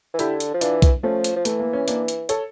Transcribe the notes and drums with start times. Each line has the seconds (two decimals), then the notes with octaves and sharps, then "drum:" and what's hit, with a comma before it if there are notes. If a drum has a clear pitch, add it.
0.14 E3
0.19 D3 E4 G4, drum: hi-hat
0.40 drum: hi-hat
0.54 F3
0.61 E3 D4 F4, drum: hi-hat
0.82 drum: kick B1, hi-hat
1.03 F3 A3 C#4
1.24 drum: hi-hat
1.36 F3
1.45 E3 A3, drum: hi-hat
1.60 A#3
1.73 C#4
1.88 A#3 D4, drum: hi-hat
2.08 drum: hi-hat
2.29 A4 C#5, drum: hi-hat